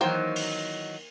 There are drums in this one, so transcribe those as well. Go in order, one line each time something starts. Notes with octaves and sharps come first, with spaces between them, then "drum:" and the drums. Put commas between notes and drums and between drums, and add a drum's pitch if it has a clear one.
D#3 E3 F#3 A#3 C5 G5
drum: open hi-hat